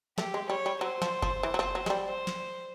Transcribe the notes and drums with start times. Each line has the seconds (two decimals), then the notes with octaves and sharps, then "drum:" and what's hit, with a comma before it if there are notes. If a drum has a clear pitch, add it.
0.18 A3 G4, drum: snare
0.34 G#3
0.49 G3 C#5
0.66 G3
0.81 F#3 C5
1.02 F3, drum: snare
1.22 F3, drum: kick F#1
1.43 E3
1.54 F#3
1.59 F3
1.75 F#3
1.86 G#3, drum: snare
1.90 G3
2.06 C5
2.27 drum: snare